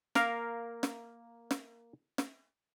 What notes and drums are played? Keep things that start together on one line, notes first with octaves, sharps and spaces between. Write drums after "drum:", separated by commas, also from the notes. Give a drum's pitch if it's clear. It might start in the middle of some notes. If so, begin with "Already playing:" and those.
A#3 A#4 F5, drum: snare
drum: snare
drum: snare
drum: snare